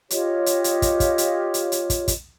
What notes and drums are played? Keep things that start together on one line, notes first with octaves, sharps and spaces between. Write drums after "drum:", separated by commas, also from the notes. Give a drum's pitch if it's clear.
F4 G4 C#5 D#5, drum: hi-hat
drum: hi-hat
drum: hi-hat
drum: kick, hi-hat
drum: kick, hi-hat
drum: hi-hat
drum: hi-hat
drum: hi-hat
drum: kick, hi-hat
drum: kick, hi-hat